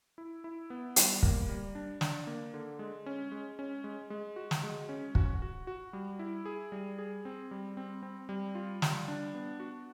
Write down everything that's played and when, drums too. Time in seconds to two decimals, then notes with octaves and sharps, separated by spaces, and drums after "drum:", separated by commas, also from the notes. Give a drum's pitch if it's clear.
0.18 E4
0.44 E4
0.70 B3
0.96 G3, drum: hi-hat
1.23 A#3, drum: kick
1.49 G3
1.75 D4
2.01 D4, drum: snare
2.27 A#3
2.54 D3
2.79 G#3
3.06 C#4
3.32 G#3
3.59 C#4
3.84 G#3
4.10 G#3
4.36 F#4
4.51 drum: snare
4.63 G#3
4.89 C#4
5.15 F#4, drum: kick
5.42 F#4
5.67 F#4
5.93 G3
6.19 E4
6.46 G#4
6.72 G3
6.98 G#4
7.25 C4
7.51 G3
7.77 C4
8.03 C4
8.29 G3
8.55 F4
8.82 G3, drum: snare
9.08 D4
9.35 B3
9.60 F#4